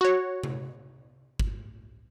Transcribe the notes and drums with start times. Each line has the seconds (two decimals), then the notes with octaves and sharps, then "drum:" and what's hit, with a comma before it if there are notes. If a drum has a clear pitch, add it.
0.01 F#4 C#5
0.43 drum: tom C3
1.39 drum: kick G1